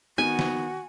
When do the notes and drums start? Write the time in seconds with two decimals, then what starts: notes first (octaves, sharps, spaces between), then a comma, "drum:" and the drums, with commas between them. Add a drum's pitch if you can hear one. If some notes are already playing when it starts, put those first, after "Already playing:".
0.18 D#3 B3 F#4 G#5
0.39 drum: snare